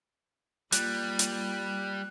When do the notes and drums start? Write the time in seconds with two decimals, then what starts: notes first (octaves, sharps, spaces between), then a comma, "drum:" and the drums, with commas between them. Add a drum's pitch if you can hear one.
0.72 G3 A#3 F4 F#6, drum: hi-hat
1.19 drum: hi-hat